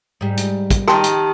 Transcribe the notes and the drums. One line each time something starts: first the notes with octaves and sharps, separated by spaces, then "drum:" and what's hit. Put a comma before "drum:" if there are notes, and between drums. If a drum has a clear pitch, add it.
G#2 G3
drum: hi-hat
drum: kick, hi-hat
D#3 G4 G5 A5 C6, drum: rim click
drum: hi-hat